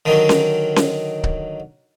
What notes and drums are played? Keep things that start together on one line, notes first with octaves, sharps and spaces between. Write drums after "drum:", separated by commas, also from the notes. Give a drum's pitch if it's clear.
D3 D#3 F#3
drum: snare C#4
drum: snare C#4
drum: kick C#1